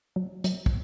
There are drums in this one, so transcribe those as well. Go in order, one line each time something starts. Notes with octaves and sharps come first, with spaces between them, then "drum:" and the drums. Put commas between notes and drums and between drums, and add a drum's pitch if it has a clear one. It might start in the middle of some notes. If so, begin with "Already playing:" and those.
F#3
F#3, drum: hi-hat
drum: kick